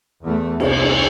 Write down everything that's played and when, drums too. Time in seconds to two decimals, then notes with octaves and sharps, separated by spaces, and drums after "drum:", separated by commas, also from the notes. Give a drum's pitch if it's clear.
0.24 E2 A3
0.60 C2 C3, drum: cymbal